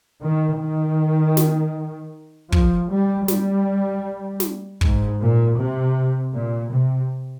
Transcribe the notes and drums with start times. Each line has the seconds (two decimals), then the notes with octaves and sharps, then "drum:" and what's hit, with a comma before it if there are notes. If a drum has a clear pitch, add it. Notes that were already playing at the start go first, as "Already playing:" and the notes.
0.23 D#3
0.60 D#3
1.37 drum: snare
2.53 F3, drum: kick
2.91 G3
3.28 G3, drum: snare
4.40 drum: snare
4.81 G#2, drum: kick
5.20 A#2
5.58 C3
6.34 A#2
6.72 C3